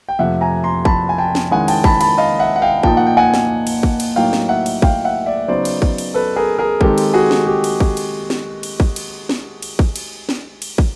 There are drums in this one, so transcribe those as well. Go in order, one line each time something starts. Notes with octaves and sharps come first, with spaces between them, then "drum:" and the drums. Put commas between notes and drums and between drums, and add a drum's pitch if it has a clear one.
G5
F2 C3 F3 A3 E5 F#5
G#5 A#5
A#5 C6
A5 B5, drum: kick
G#5
G5 A5
drum: snare
D#3 G#3 C#4 E4 F#5 G#5
G5 A5, drum: cymbal
A5 B5, drum: kick
A5 B5, drum: cymbal
D#5 F5
E5 F#5
F#5
F5 G5
A#2 F3 A#3 D#4 G5 A5, drum: kick
F#5
G5
F#5 G#5
drum: snare
drum: cymbal
drum: kick
drum: cymbal
A2 F#3 A#3 D#4 F5 G5
drum: snare
E5 F#5
drum: cymbal
F5 G5, drum: kick
E5 F#5
D5 E5
C#3 F#3 B3 D#4 C5 D5
drum: cymbal
drum: kick
drum: cymbal
A4 B4
G#4 A#4
G#4 A#4
D#3 G#3 C4 D#4 G4 A4, drum: kick
drum: cymbal
F#4 G#4
drum: snare
G4
drum: cymbal
drum: kick
drum: cymbal
drum: snare
drum: cymbal
drum: kick
drum: cymbal
drum: snare
drum: cymbal
drum: kick
drum: cymbal
drum: snare
drum: cymbal
drum: kick